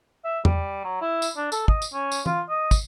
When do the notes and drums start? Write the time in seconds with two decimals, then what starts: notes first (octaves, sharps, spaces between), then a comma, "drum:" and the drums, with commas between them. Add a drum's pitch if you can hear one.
0.25 E5
0.45 G3, drum: tom E2
0.84 F#3
1.01 E4
1.22 drum: tambourine
1.37 D4
1.52 A4, drum: tambourine
1.68 D#5, drum: kick
1.82 drum: tambourine
1.93 C#4
2.12 drum: tambourine
2.26 F4, drum: tom
2.49 D#5
2.71 drum: kick, tambourine